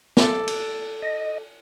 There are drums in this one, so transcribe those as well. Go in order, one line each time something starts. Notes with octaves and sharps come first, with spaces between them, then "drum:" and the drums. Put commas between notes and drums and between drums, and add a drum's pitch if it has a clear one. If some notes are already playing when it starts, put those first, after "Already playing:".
A4 D5, drum: snare
drum: cymbal
D#5